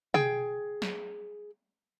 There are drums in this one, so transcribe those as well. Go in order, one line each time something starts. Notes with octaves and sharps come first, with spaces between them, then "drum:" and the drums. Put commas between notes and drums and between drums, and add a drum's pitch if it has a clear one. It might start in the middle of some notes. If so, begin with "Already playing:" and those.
G#4 G5, drum: tom
drum: snare